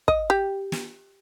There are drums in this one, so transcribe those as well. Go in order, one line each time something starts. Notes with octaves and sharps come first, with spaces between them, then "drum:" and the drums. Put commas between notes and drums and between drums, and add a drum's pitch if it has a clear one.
D#5, drum: kick
G4
drum: snare